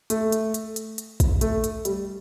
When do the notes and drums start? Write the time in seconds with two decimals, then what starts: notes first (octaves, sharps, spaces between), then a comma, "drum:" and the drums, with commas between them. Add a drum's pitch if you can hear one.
0.10 A3, drum: hi-hat
0.32 drum: hi-hat
0.54 drum: hi-hat
0.76 drum: hi-hat
0.98 drum: hi-hat
1.20 drum: kick, hi-hat
1.41 A3, drum: hi-hat
1.64 drum: hi-hat
1.85 G3, drum: hi-hat